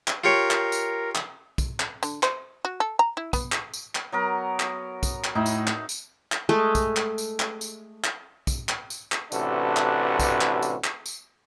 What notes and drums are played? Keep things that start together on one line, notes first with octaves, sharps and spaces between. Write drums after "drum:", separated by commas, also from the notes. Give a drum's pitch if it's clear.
drum: clap
F4 G4 A#4 C#5
drum: clap
drum: tambourine
drum: clap
drum: kick, tambourine
drum: clap
D3, drum: tambourine
C5, drum: clap
F#4
A4
A#5
E4
B3, drum: kick, tambourine
drum: clap
drum: tambourine
drum: clap
F#3 B3 A#4
drum: clap
drum: kick, tambourine
drum: clap
A2 D#4 E5
drum: tambourine
drum: clap
drum: tambourine
drum: clap
G#3 A3
drum: kick, tambourine
drum: clap
drum: tambourine
drum: clap
drum: tambourine
drum: clap
drum: kick, tambourine
drum: clap
drum: tambourine
drum: clap
A1 C3 D4 F#4 A4 B4, drum: tambourine
drum: clap
drum: kick, tambourine
drum: clap
drum: tambourine
drum: clap
drum: tambourine